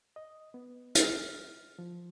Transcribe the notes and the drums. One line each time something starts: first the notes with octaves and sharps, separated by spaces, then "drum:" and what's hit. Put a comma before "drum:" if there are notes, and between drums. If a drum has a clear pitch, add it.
D#5
B3
F6, drum: hi-hat
F3